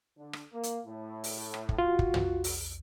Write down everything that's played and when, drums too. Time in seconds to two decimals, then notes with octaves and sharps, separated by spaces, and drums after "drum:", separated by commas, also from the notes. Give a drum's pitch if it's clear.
0.18 D3
0.33 drum: rim click
0.53 A#3
0.63 drum: hi-hat
0.86 A2
1.24 drum: open hi-hat
1.54 drum: rim click
1.69 drum: kick
1.78 F4 F#4
1.99 drum: kick
2.14 drum: tom
2.44 drum: open hi-hat